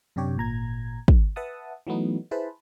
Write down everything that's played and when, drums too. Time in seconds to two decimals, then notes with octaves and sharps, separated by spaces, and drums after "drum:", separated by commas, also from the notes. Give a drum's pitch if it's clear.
0.16 F#2 C3 D4 G4 C#5 G5
0.36 G#1 A#2 A#5 G#6
1.08 drum: kick
1.36 B4 E5 F#5 A5 D#6
1.87 E3 F#3 A3 B3 D#4
2.31 E4 G#4 B4 C5 A5 B5